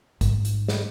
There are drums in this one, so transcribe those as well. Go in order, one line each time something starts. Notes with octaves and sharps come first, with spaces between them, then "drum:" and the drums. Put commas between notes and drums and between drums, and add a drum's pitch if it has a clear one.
G#2 G3, drum: kick, hi-hat
drum: hi-hat
drum: snare